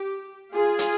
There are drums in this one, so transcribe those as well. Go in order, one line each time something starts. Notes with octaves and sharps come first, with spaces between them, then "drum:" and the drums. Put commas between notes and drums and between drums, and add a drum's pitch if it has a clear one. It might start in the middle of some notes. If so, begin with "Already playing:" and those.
Already playing: G4
F4 G#4
drum: hi-hat